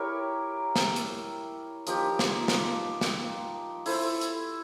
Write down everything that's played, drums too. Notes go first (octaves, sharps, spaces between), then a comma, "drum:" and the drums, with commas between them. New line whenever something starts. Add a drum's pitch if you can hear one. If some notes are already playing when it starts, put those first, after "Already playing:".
Already playing: E4 G4 A#4 C#5
drum: snare
drum: hi-hat
F3 A#3 D#4 G4, drum: hi-hat
drum: snare
drum: snare
drum: snare
E4 A4 C5, drum: open hi-hat
drum: hi-hat